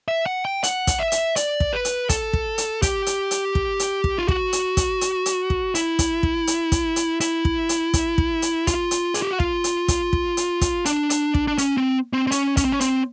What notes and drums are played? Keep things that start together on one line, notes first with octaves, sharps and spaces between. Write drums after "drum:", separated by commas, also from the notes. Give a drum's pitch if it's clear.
E5
F#5
G5
F#5, drum: hi-hat
drum: kick, hi-hat
E5
drum: hi-hat
D5, drum: hi-hat
drum: kick
B4
drum: hi-hat
A4, drum: kick, hi-hat
drum: kick
drum: hi-hat
G4, drum: kick, hi-hat
drum: hi-hat
drum: hi-hat
drum: kick
drum: hi-hat
drum: kick
F4
F#4, drum: kick
drum: hi-hat
drum: kick, hi-hat
drum: hi-hat
drum: hi-hat
drum: kick
E4, drum: hi-hat
drum: kick, hi-hat
drum: kick
drum: hi-hat
drum: kick, hi-hat
drum: hi-hat
E4, drum: hi-hat
drum: kick
drum: hi-hat
drum: kick, hi-hat
drum: kick
drum: hi-hat
F4, drum: kick, hi-hat
drum: hi-hat
G#4, drum: hi-hat
G4
F#4
F4, drum: kick
drum: hi-hat
drum: kick, hi-hat
drum: kick
drum: hi-hat
drum: kick, hi-hat
D4, drum: hi-hat
drum: hi-hat
drum: kick
D4
C#4, drum: hi-hat
C4
C4
C4
C#4, drum: hi-hat
C#4, drum: kick, hi-hat
C4
C#4
C4, drum: hi-hat